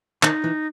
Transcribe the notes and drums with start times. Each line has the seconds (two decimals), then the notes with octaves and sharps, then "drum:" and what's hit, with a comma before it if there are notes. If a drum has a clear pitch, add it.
0.23 D#3 D#4, drum: clap
0.44 E3